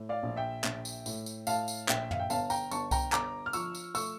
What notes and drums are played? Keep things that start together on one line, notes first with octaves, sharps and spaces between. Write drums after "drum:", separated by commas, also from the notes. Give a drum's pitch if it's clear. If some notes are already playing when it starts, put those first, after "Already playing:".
Already playing: A2
D5 F5
A#1
E5 G5
A#1, drum: clap
drum: tambourine
A2, drum: tambourine
drum: tambourine
A2 F5 A5, drum: tambourine
drum: tambourine
A#1 E5 G5, drum: clap
F5, drum: tom
G5
G1 F5 A5, drum: tambourine
G5 A#5, drum: tambourine
G1 A5 C#6, drum: tambourine
G5 A#5, drum: kick C2, tambourine
G1 A#5 D6, drum: clap
F6
F3 C#6 E6, drum: tambourine
drum: tambourine
A3 C#6 E6, drum: tambourine